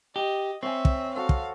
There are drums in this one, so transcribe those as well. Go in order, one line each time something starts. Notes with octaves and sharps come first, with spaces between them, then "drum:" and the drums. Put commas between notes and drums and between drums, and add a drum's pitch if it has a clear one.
G4 D#5
C4 C#5 D#5 E5 G#5
drum: kick
F#4 A4 C5 F5
drum: kick